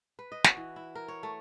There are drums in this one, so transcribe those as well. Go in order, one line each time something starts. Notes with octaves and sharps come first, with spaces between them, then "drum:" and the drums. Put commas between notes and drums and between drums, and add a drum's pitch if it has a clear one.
B4
D#5
F#4, drum: snare
E3
E4
A#4
C#5
A3